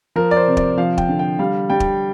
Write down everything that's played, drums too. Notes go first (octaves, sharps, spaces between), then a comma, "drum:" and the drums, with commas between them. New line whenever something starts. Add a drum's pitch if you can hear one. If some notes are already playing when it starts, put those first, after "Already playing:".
F3 A#4
D5
C5
C3
D5, drum: kick
F3 F5
G5, drum: kick
D3
G5
G3 F5
G3 G5
drum: kick